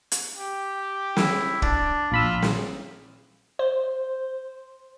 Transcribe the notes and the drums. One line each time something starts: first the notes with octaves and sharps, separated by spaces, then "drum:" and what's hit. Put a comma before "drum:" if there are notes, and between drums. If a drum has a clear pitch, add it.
drum: hi-hat
G4
E4, drum: snare
D4, drum: kick
A#1 F4 B5 E6
drum: snare
C5